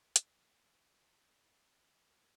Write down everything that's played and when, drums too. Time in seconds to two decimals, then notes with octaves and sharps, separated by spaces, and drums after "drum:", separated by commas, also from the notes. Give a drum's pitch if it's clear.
0.16 D6 E6 F#6 A6 A#6 D7, drum: hi-hat